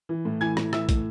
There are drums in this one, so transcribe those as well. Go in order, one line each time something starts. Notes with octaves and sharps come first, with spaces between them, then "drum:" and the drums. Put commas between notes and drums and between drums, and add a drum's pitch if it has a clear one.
E3
A2
E3 G#5 G#6
A2, drum: rim click
E3 E5 E6, drum: rim click
A2, drum: kick, hi-hat